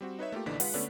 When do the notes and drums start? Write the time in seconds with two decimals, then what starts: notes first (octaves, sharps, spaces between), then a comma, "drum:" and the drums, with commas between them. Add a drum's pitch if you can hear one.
0.01 G3 C4 F#4
0.19 D#4 B4 C#5 E5
0.32 A3 A#3 F4 G4
0.46 A#1 D3 E3 D#4 D5 B6
0.60 G#3 F4 B4 F#5, drum: open hi-hat
0.74 D3 A3 B3 C#4 D4